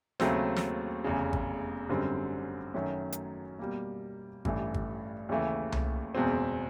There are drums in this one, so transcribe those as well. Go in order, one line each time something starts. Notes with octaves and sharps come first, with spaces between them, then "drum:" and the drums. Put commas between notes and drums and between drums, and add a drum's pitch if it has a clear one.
D#2 C#3 F#3 A3 C4, drum: snare
drum: snare
F1 E2 C#3
drum: kick G#1
G#1 F#2 D3 G3 C4
F#2 D#3 F#3 A3 C#4
drum: hi-hat
B2 G3 A#3
A1 G2 E3 A3, drum: kick G#1
drum: kick G#1
D#2 C#3 E3 A3
drum: tom C2
F#1 E2 B2 G#3 C4